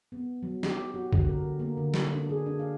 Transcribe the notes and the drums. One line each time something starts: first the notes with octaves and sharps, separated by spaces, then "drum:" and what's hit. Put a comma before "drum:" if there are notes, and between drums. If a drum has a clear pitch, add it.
B3
F#3
G4, drum: snare
F#4
D3, drum: kick
A#4
A#3
D3
drum: snare
D4
G#4
D4
F5